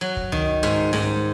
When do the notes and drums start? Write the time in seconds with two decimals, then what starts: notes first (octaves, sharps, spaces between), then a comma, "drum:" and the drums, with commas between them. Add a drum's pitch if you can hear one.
0.01 F#3
0.17 drum: kick
0.32 D#3, drum: tom C#2
0.63 G#2
0.93 G#2, drum: snare C#4